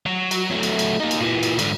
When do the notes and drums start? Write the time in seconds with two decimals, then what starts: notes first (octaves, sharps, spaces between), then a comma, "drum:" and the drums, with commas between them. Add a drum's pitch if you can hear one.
0.06 F#3
0.31 drum: cymbal
0.51 F#3 A3
0.63 drum: cymbal
0.79 drum: cymbal
1.00 A#3 D#4
1.11 drum: cymbal
1.21 A#2 E3
1.43 drum: cymbal
1.59 G#2 D3, drum: cymbal